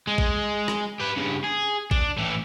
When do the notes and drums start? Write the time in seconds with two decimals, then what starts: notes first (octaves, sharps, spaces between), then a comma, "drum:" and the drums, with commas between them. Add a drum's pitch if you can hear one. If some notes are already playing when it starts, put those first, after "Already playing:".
0.07 G#3
0.18 drum: kick
0.68 drum: rim click
1.00 G4 B4
1.17 G2 C#3
1.44 G#4
1.91 D4, drum: kick
2.18 A2 E3